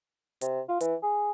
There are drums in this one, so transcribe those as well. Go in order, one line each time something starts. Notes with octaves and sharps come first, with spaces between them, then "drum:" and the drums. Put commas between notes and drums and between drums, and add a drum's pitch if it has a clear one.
C3, drum: hi-hat
F4
E3, drum: hi-hat
G#4